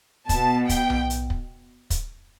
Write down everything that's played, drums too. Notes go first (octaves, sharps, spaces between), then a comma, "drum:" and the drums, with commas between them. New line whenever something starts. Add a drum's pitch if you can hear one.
B2 B3 A5, drum: kick, hi-hat
G5, drum: kick, hi-hat
drum: tom B1
drum: hi-hat
drum: kick
drum: kick, hi-hat